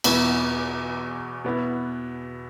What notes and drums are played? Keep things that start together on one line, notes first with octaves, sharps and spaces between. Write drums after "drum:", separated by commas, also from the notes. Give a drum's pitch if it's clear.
E2 B2 B3 E4, drum: cymbal
B2 B3 E4